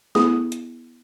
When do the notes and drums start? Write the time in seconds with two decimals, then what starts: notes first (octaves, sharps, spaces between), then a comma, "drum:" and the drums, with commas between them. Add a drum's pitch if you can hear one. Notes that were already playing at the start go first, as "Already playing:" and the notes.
0.15 B3 E4 G#4 D#6, drum: snare
0.52 drum: hi-hat